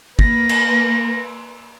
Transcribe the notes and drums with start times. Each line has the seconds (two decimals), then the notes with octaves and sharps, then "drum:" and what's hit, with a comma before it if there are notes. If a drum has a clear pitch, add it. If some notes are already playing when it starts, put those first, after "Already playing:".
0.19 A#3 B4 A#6, drum: kick
0.49 drum: cymbal